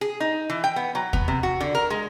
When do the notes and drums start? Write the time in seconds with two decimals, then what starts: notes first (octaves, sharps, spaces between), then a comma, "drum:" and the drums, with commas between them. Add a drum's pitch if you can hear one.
0.01 G#4
0.20 D#4
0.50 E3
0.64 G5
0.76 B3
0.95 F#3
1.13 B3, drum: kick
1.28 C3
1.43 F#4
1.60 D3
1.75 A#4
1.90 G#3